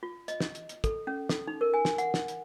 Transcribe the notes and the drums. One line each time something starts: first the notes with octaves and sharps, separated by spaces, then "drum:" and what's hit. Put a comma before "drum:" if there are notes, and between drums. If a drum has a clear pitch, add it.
F4
D#5, drum: hi-hat
drum: snare
drum: hi-hat
drum: hi-hat
A4, drum: kick, hi-hat
C#4
A4, drum: snare
D#4
A#4
G#5
drum: snare
F#5, drum: hi-hat
drum: snare
drum: hi-hat